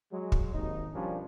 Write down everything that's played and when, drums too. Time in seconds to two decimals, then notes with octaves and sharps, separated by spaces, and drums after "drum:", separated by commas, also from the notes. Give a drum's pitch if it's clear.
0.13 F#3 G#3
0.32 drum: kick
0.54 G#1 D#2 D#4
0.94 B2 F3 G3 C#4 D4 A#4